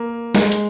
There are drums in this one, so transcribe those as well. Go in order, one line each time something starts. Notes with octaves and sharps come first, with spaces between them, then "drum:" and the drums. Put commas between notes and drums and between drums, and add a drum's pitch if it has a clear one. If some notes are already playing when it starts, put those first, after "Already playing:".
Already playing: A#3
G#3, drum: snare
drum: hi-hat